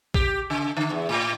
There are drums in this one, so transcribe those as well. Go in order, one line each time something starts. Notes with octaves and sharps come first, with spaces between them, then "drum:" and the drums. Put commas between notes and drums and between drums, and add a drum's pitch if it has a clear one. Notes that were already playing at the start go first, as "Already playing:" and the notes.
G4, drum: kick
C#3
D3
E2
A2